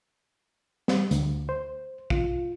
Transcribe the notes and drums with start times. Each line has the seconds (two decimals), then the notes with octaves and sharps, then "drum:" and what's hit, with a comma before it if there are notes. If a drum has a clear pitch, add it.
0.88 G3, drum: snare
1.11 D2, drum: hi-hat
1.49 C5
2.10 F4, drum: kick A#1